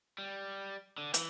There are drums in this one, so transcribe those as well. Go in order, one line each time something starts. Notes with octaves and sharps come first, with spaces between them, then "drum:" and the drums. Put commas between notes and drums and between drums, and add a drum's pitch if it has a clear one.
G3
D3
E3, drum: hi-hat